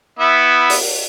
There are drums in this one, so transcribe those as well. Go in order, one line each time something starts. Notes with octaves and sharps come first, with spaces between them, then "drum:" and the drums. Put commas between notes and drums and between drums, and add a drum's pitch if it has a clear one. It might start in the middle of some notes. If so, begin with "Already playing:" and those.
B3 E4 E5
drum: open hi-hat